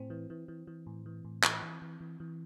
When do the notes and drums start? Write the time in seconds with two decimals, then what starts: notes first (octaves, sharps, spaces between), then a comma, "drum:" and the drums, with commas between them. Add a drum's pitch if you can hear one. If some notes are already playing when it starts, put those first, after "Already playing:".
Already playing: A2 C4
0.10 E3
0.30 E3
0.48 E3
0.67 E3
0.87 A2
1.06 E3
1.25 A2
1.43 E3, drum: clap
1.62 E3
1.82 E3
2.01 E3
2.20 E3